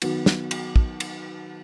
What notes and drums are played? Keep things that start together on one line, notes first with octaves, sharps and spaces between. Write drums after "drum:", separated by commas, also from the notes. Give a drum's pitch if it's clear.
D#3 F#3 B3 F#4, drum: cymbal
drum: snare
drum: cymbal
drum: kick
drum: cymbal